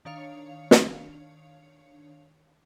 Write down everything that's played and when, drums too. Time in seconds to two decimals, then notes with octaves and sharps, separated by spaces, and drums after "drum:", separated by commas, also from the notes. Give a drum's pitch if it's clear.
0.05 D#3 D4 C#5 F5 C#7 F7
0.71 drum: snare